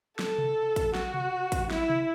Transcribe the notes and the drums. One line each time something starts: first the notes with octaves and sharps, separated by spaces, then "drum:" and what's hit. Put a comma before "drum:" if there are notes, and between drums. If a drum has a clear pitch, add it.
A4, drum: snare
drum: tom C3
drum: kick, hi-hat
F#4, drum: snare
drum: tom C3
drum: kick, hi-hat
E4, drum: snare
drum: tom C3